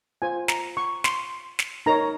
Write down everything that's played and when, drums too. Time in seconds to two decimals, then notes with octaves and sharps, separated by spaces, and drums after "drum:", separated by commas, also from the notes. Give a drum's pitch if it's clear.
0.22 F4 C5 G#5
0.48 A#5, drum: snare
0.77 C#6
1.04 C6, drum: snare
1.59 drum: snare
1.86 D#4 A#4 C#5 A#5